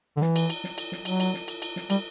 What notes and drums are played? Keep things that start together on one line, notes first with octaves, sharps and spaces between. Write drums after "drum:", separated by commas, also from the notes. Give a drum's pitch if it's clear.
D3
E3, drum: snare
drum: cymbal
drum: cymbal
drum: snare
drum: cymbal
drum: snare
F#3, drum: cymbal
drum: cymbal
drum: snare
drum: cymbal
drum: cymbal
drum: snare
G3, drum: cymbal